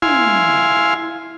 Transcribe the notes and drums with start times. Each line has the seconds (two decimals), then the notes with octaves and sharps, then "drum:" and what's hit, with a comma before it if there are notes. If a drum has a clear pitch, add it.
0.02 E4 F5 G#5 C6, drum: tom